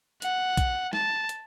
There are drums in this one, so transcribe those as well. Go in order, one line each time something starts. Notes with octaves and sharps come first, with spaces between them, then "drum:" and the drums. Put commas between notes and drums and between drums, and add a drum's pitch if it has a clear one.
F#5, drum: hi-hat
drum: kick, hi-hat
A5, drum: snare
drum: hi-hat